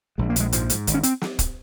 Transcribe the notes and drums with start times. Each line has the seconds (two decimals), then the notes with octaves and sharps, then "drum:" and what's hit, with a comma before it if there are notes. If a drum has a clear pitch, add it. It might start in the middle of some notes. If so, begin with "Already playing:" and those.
0.18 A#1 G#3
0.30 A#3
0.36 A#1 G#3, drum: hi-hat
0.52 G#2 F3, drum: hi-hat
0.70 G#2, drum: hi-hat
0.87 G#1, drum: hi-hat
0.94 C#4
1.03 C4, drum: hi-hat
1.21 drum: snare
1.39 drum: kick, hi-hat